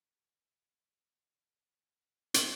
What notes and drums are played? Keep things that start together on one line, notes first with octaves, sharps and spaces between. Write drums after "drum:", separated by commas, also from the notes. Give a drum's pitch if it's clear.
D5
E5
F#5
drum: hi-hat